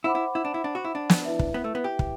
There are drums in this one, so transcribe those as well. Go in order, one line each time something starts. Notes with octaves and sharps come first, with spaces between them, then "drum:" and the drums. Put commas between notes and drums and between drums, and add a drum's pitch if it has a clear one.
E4 C5 F#5 B5 D6
E4
E4
D4
E4
D4
F#4
E4
D4
drum: snare
E4 B4 E5
drum: kick
B3
A3
B3
G4
drum: kick